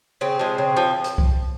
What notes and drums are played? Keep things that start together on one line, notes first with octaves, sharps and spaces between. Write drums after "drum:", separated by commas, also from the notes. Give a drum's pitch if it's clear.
C#3 C4
F3 G#3
C#3
F3
drum: hi-hat
drum: kick C2